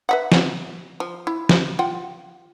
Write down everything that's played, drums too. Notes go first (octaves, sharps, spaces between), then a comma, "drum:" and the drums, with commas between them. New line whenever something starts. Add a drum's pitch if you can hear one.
B4 E5 F#5
drum: snare
F3
E4
drum: snare
F4 F#5 G5